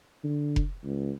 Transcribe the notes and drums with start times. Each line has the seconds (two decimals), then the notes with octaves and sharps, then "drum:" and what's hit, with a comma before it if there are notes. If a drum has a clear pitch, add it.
0.24 D3
0.56 drum: kick F1
0.84 C#2